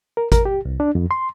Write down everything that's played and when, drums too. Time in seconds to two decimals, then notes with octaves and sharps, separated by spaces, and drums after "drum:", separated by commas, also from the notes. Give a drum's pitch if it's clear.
0.17 A#4
0.32 A#4, drum: kick G#1, hi-hat
0.45 G4
0.65 C2
0.80 D4
0.95 F2
1.11 C6